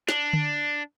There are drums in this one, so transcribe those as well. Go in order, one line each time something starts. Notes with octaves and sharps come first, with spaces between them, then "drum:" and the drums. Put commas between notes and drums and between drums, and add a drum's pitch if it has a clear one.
D4, drum: snare
drum: tom D3